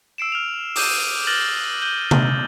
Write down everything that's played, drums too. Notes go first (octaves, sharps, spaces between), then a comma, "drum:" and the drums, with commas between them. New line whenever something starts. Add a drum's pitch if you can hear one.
E6 C7 D7 E7
F6 F7
D6 D#6 G6 D#7 E7, drum: open hi-hat
F6 F#6 A6 A#6 F#7 G7
G6 D#7 G7
drum: tom C3